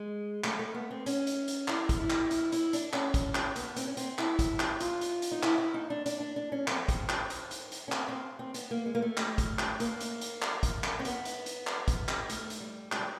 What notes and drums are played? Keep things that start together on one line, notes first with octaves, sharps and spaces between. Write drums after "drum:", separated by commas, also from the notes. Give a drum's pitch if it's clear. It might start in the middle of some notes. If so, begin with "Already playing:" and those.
Already playing: G#3
A3, drum: clap
A3
B3
C4
C#4, drum: hi-hat
drum: hi-hat
drum: hi-hat
E4, drum: clap
drum: kick, hi-hat
E4
drum: clap
E4, drum: hi-hat
E4, drum: hi-hat
D4, drum: hi-hat
C#4, drum: clap
drum: kick, hi-hat
drum: clap
B3, drum: hi-hat
C4, drum: hi-hat
C#4
C4, drum: hi-hat
E4, drum: clap
drum: kick, hi-hat
drum: clap
F4, drum: hi-hat
drum: hi-hat
drum: hi-hat
D#4
E4, drum: clap
E4
D#4
D4
D4, drum: hi-hat
D4
D4
C#4
C4, drum: clap
drum: kick, hi-hat
drum: clap
drum: hi-hat
drum: hi-hat
drum: hi-hat
C#4
C4, drum: clap
C4
C4
B3, drum: hi-hat
A#3
G#3
A#3
A3
drum: clap
drum: kick, hi-hat
drum: clap
A#3, drum: hi-hat
drum: hi-hat
drum: hi-hat
drum: clap
drum: kick, hi-hat
drum: clap
C4
B3, drum: hi-hat
drum: hi-hat
drum: hi-hat
drum: clap
drum: kick, hi-hat
drum: clap
A3, drum: hi-hat
drum: hi-hat
G3
G#3, drum: clap
G3